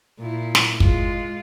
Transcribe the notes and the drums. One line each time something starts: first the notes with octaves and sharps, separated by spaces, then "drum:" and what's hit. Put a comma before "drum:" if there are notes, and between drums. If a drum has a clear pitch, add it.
A#2 E4
drum: snare
G#3 F4, drum: kick